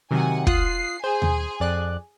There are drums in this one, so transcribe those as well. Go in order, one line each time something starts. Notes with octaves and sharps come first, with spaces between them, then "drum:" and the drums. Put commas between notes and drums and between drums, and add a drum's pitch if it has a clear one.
C3 D#3 F#3 F#5 G#5
F4 D#6 F#6 C7, drum: kick
G#4 C5 G#5
drum: tom D#2
F2 D5 F#6